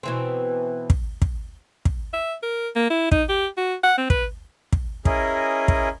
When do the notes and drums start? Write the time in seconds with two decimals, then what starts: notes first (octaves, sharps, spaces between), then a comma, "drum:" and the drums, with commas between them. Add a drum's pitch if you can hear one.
0.03 B2 E3 C4
0.90 drum: kick
1.22 drum: kick
1.85 drum: kick
2.13 E5
2.43 A#4
2.76 A#3
2.90 E4
3.12 D#4, drum: kick
3.29 G4
3.57 F#4
3.83 F#5
3.98 C4
4.10 B4, drum: kick
4.73 drum: kick
5.05 C#4 E4 G#4 A#4 D#5, drum: kick
5.68 drum: kick